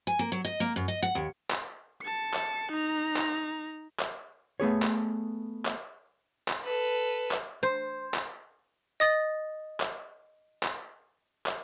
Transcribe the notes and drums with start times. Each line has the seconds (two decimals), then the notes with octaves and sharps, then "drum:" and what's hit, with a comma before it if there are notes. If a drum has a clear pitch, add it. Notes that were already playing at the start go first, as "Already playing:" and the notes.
0.07 G#5
0.19 A#3
0.32 F#3
0.45 D#5
0.60 A#3
0.76 F#2
0.88 D#5
1.03 F#5
1.15 D#2
1.50 drum: clap
2.02 A5 C#7
2.33 drum: clap
2.71 D#4 A#5
3.16 drum: clap
3.99 drum: clap
4.60 A3 B3 G#4 C#5
4.82 drum: clap
5.65 drum: clap
6.48 drum: clap
6.64 A4 B4
7.31 drum: clap
7.63 C5
8.14 drum: clap
9.00 D#5 D#6 A6
9.80 drum: clap
10.63 drum: clap
11.46 drum: clap